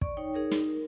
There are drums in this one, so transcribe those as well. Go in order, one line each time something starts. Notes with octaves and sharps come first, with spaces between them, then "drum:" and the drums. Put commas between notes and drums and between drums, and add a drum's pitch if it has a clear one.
D5 C#6, drum: kick
D#4 C#5 G5
D#4 G#4 A#4 C#5
D#4, drum: snare
A#4